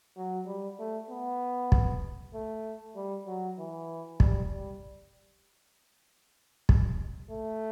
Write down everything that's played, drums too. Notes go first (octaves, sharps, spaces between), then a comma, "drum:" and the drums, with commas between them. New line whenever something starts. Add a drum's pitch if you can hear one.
F#3
G3
A3
B3
drum: kick
A3
G3
F#3
E3
G3, drum: kick
G3
drum: kick
A3